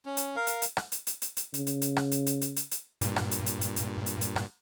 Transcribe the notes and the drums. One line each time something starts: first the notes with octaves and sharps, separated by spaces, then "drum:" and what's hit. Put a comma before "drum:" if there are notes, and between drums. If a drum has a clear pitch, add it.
C#4
drum: hi-hat
A#4 F5
drum: hi-hat
drum: hi-hat
drum: rim click
drum: hi-hat
drum: hi-hat
drum: hi-hat
drum: hi-hat
C#3, drum: hi-hat
drum: hi-hat
drum: hi-hat
drum: rim click
drum: hi-hat
drum: hi-hat
drum: hi-hat
drum: hi-hat
drum: hi-hat
G2 A#2, drum: hi-hat
drum: rim click
drum: hi-hat
drum: hi-hat
drum: hi-hat
drum: hi-hat
drum: hi-hat
drum: hi-hat
drum: rim click